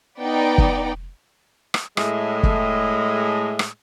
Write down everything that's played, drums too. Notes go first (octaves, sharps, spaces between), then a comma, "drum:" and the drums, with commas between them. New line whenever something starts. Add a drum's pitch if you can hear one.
B3 D#4 D5 G5
drum: kick
drum: rim click
A2 G#3, drum: rim click
drum: kick
drum: rim click